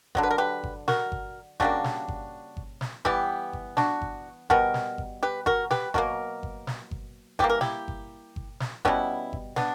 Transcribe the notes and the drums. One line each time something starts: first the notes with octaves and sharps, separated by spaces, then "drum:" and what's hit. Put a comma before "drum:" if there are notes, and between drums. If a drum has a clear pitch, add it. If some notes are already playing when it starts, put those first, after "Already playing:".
D3 F#3 B3, drum: kick G1
B4
A#4
G4 B4
drum: kick G1
F#4 A#4, drum: snare
drum: kick G1
C#3 G3 A#3 D4 F#4, drum: kick G1
drum: snare
drum: kick G1
drum: kick G1
drum: snare
E3 G3 B3 E4 G4, drum: kick G1
drum: kick G1
D4 F#4, drum: snare
drum: kick G1
B2 G3 B3 F#4 A#4, drum: kick G1
drum: snare
drum: kick G1
G4 B4
F#4 A#4, drum: kick G1
G4 B4, drum: snare
B2 F#3 A#3 F#4 A#4, drum: kick G1
drum: kick G1
drum: snare
drum: kick G1
E3 G3 A#3 G4, drum: kick G1
A#4
E4 G4, drum: snare
drum: kick G1
drum: kick G1
drum: snare
B2 G3 B3 C#4 E4, drum: kick G1
drum: kick G1
B3 D4, drum: snare